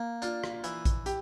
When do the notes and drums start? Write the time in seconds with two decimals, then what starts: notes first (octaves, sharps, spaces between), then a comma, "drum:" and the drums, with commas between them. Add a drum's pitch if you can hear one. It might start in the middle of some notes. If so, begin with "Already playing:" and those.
Already playing: A#3
0.22 D4 F4, drum: hi-hat
0.44 drum: rim click
0.64 E3, drum: hi-hat
0.85 drum: kick A1, hi-hat
1.06 G4, drum: hi-hat